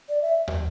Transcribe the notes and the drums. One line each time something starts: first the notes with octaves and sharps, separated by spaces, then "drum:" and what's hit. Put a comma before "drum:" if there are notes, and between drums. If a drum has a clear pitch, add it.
D5
E5
drum: tom